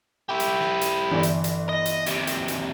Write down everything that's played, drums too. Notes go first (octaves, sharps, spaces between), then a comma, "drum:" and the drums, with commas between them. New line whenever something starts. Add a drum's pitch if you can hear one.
E4 G4
drum: hi-hat
drum: snare
drum: hi-hat
G1 E3 D4
drum: hi-hat
drum: hi-hat
D#5
drum: hi-hat
D#2 C3, drum: hi-hat
drum: hi-hat
drum: hi-hat